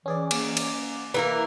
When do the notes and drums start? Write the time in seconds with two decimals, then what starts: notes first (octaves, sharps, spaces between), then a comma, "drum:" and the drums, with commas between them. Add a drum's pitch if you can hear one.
0.06 E3 C#4 G#4 D5
0.31 A#3 C#4 D6, drum: cymbal
0.57 drum: cymbal
1.14 E3 A#3 A#4